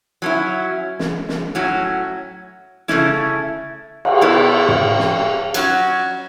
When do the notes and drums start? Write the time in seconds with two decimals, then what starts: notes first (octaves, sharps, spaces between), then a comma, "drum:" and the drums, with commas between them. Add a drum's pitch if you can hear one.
0.22 F#3 C#4 E4
0.99 drum: snare
1.29 drum: snare
1.55 A2 F#3 C#4 F#4
2.88 C#3 A3 C#4 E4, drum: snare
4.05 drum: cymbal
4.21 B2 B3 E4
4.69 drum: tom
4.99 drum: snare
5.54 F#3 C#4 F#4, drum: cymbal